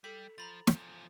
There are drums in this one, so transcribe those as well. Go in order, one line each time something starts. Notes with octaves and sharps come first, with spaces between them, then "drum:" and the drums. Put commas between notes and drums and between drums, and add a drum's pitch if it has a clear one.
G3 A4 B6
F3 A#5 B5 A6
E2 F3, drum: snare